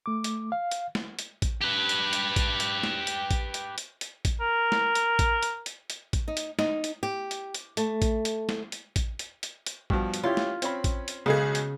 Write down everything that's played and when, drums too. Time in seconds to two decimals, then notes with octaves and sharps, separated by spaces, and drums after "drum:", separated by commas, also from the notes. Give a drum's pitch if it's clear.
0.06 A3 D6
0.24 drum: hi-hat
0.52 F5
0.71 drum: hi-hat
0.95 drum: snare
1.19 drum: hi-hat
1.42 drum: kick A1, hi-hat
1.62 G4 B4
1.89 drum: hi-hat
2.13 drum: hi-hat
2.36 drum: kick A1, hi-hat
2.60 drum: hi-hat
2.83 drum: snare
3.07 drum: hi-hat
3.31 drum: kick A1, hi-hat
3.54 drum: hi-hat
3.78 drum: hi-hat
4.01 drum: hi-hat
4.25 drum: kick A1, hi-hat
4.40 A#4
4.72 drum: snare
4.95 drum: hi-hat
5.19 drum: kick A1, hi-hat
5.43 drum: hi-hat
5.66 drum: hi-hat
5.90 drum: hi-hat
6.13 drum: kick A1, hi-hat
6.28 D#4
6.37 drum: hi-hat
6.59 D#4, drum: snare
6.84 drum: hi-hat
7.03 G4
7.31 drum: hi-hat
7.55 drum: hi-hat
7.77 A3, drum: hi-hat
8.02 drum: kick A1, hi-hat
8.25 drum: hi-hat
8.49 drum: snare
8.72 drum: hi-hat
8.96 drum: kick A1, hi-hat
9.19 drum: hi-hat
9.43 drum: hi-hat
9.66 drum: hi-hat
9.90 G2 B2 F3, drum: kick A1
10.14 drum: hi-hat
10.24 C#4 E4 F4 G4
10.37 drum: snare
10.62 C4 C#4 B5, drum: hi-hat
10.84 drum: kick A1, hi-hat
11.08 drum: hi-hat
11.26 B1 C#3 G#3 G#4
11.55 drum: hi-hat